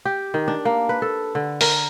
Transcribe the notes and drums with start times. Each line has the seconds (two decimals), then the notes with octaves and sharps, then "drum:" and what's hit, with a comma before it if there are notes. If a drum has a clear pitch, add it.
0.05 G4
0.34 D#3
0.48 D4
0.65 A#3
0.89 B4
1.02 A4
1.35 D3
1.61 A#4, drum: open hi-hat